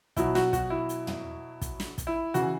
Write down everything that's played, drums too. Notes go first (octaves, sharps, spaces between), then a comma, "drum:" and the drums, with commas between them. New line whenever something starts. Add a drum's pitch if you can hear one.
B2 F#3 E4, drum: kick, hi-hat
F#4, drum: snare
F#4, drum: kick, hi-hat
E4
drum: hi-hat
drum: tom
drum: kick, hi-hat
drum: snare
drum: kick, hi-hat
E4
C#3 E3 F#4, drum: hi-hat